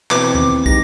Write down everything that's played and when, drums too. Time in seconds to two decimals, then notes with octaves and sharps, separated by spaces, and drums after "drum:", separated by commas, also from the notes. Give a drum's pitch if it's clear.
0.11 B2 E3 C4 D6, drum: clap
0.35 D#2
0.66 G#3 D#4 G4 A#6, drum: kick